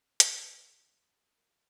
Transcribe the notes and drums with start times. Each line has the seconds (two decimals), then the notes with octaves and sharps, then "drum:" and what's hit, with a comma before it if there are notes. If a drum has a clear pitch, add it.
0.20 F#3, drum: hi-hat
0.44 F#3
0.68 F#2
0.90 D#3
1.14 F#3
1.27 A4
1.37 F#3 A#4
1.50 F4